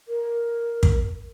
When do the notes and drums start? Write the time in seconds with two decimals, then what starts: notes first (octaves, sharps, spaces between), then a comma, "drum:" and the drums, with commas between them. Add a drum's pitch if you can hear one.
0.08 A#4
0.83 drum: kick